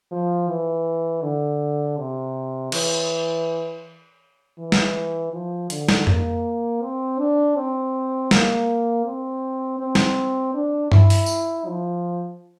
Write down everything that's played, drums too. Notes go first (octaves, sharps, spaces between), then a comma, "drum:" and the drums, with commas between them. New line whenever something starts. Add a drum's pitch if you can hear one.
F3
E3
D3
C3
E3, drum: cymbal
E3
drum: snare
F3
D3, drum: hi-hat
drum: snare
A#3, drum: tom F2
C4
D4
C4
A#3, drum: snare
C4
C4
drum: snare
D4
E4, drum: tom G2
drum: open hi-hat
drum: tambourine
F3